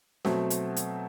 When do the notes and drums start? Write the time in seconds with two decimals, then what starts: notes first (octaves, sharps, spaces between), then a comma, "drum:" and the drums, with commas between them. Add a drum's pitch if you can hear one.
0.25 B2 F#3 A3 C4, drum: snare
0.50 drum: hi-hat
0.76 drum: hi-hat